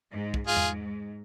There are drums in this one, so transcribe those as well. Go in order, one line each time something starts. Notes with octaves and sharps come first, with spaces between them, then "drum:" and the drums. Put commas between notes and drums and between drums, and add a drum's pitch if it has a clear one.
G#2
drum: kick
G#2 F4 G#4
drum: tom E2